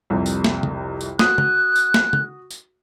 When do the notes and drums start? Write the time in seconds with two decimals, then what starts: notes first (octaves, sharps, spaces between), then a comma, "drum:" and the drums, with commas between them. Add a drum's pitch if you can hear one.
0.10 C2 F2 C3
0.26 drum: tambourine
0.44 drum: snare
0.63 drum: tom
1.01 drum: tambourine
1.19 F#4 D#6 F#6, drum: snare
1.38 drum: tom
1.76 drum: tambourine
1.94 drum: snare
2.13 drum: tom
2.51 drum: tambourine